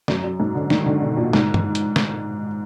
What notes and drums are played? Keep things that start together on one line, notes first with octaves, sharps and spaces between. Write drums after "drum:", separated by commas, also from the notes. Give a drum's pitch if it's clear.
F#2, drum: snare
F#2
G#2
D3
D#3, drum: snare
D3
B2
A#2
G#2, drum: snare
drum: tom G2
drum: hi-hat
drum: snare